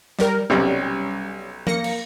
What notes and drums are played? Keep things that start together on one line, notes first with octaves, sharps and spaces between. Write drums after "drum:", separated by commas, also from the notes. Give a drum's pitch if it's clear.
G3 A#4, drum: snare
B1 C3 G3 C#4
A#3 A#6 C#7, drum: tom F3
drum: cymbal